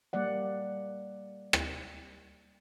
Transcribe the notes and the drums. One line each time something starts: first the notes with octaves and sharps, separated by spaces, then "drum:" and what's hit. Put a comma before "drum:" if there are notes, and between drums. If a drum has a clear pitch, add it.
G3 A#3 D5 F#5
drum: rim click